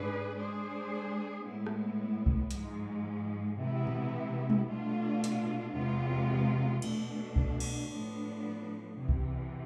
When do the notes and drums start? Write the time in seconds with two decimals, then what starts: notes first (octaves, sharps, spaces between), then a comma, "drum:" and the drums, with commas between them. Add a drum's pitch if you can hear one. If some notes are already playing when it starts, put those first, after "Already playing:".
Already playing: G#2 G#3 D4 G#4 B4
0.35 G#3 D4 G#4 C5
1.43 A2 G#3 B3 E4
1.66 drum: rim click
2.26 drum: kick C2
2.51 G#2 F3 G#3, drum: hi-hat
3.58 C3 E3 G#3 B3 E4
3.87 drum: tom A#2
4.50 drum: tom G3
4.66 B2 A3 D4 F4
5.24 drum: hi-hat
5.74 E2 C3 G#3 B3 F4
6.82 B2 A3 D4, drum: cymbal
7.36 drum: kick C2
7.60 drum: cymbal
7.89 A2 F3 B3 D4
8.97 E2 C3 E3
9.09 drum: kick C2